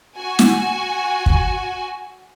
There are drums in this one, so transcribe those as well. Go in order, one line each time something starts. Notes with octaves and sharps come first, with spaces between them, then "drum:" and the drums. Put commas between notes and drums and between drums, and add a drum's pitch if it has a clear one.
F#4 G#5
drum: snare
drum: kick